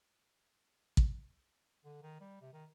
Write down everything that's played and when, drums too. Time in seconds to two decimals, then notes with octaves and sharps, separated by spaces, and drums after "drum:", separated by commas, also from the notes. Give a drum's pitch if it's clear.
0.97 drum: kick
1.85 D3
2.03 D#3
2.21 G3
2.41 C3
2.53 D#3